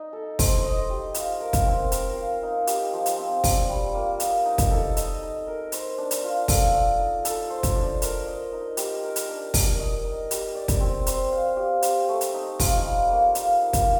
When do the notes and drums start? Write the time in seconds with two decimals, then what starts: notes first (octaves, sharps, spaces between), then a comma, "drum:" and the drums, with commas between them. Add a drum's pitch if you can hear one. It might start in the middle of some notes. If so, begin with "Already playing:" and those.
Already playing: D#4 D#5
0.13 A4
0.39 C5, drum: kick, open hi-hat
0.64 D#5
0.90 G4
1.14 F4, drum: hi-hat
1.40 A#4
1.53 drum: kick, hi-hat
1.66 C4
1.92 A#4, drum: hi-hat
2.17 F5
2.42 D#4
2.67 G4, drum: hi-hat
2.93 F3
3.06 drum: hi-hat
3.18 C4
3.44 D4, drum: kick, open hi-hat
3.69 G3
3.95 A#3
4.20 D#5, drum: hi-hat
4.45 D#4
4.58 drum: kick, hi-hat
4.71 A4
4.97 D#5, drum: hi-hat
5.22 D#4
5.47 A#4
5.72 C5, drum: hi-hat
5.98 D4
6.11 drum: hi-hat
6.24 F4
6.48 A4, drum: kick, open hi-hat
6.75 D5
6.99 D#4
7.25 A4, drum: hi-hat
7.50 C5
7.63 drum: kick, hi-hat
7.75 D4
8.02 A#4, drum: hi-hat
8.27 D#5
8.52 D#4
8.77 G4, drum: hi-hat
9.04 A#4
9.16 drum: hi-hat
9.28 D4
9.54 A#4, drum: kick, open hi-hat
9.79 D#5
10.04 D#4
10.31 G4, drum: hi-hat
10.55 D5
10.68 drum: kick, hi-hat
10.80 C4
11.07 C5, drum: hi-hat
11.32 F5
11.57 G4
11.82 G4, drum: hi-hat
12.09 A3
12.21 drum: hi-hat
12.34 D#4
12.60 F4, drum: kick, open hi-hat
12.85 G3
13.10 A#3
13.35 F5, drum: hi-hat
13.61 D#4
13.73 drum: kick, hi-hat